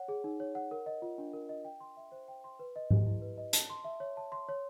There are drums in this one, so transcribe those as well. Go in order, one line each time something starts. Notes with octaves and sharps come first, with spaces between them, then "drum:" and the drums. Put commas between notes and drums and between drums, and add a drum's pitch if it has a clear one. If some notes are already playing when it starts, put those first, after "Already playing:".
Already playing: C#5 F#5
G#4
D#4
C#5
F#5
A#4
D#5
F4
D4
A#4
D#5
G5
C6
E5
C5
G5
C6
B4
D#5
G4, drum: tom G#2
E4
B4
D#5
A5, drum: hi-hat
C6
E5
C#5
A5
C6
C#5